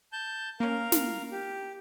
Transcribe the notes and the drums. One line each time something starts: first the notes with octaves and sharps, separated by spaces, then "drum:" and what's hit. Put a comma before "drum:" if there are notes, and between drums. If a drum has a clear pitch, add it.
A5 G6
A#3 C#4 A#4 F5
drum: snare
G4